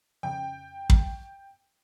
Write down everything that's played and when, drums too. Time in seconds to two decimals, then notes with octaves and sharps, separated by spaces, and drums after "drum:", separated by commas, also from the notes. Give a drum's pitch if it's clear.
0.23 F2 C#3 G5
0.90 drum: kick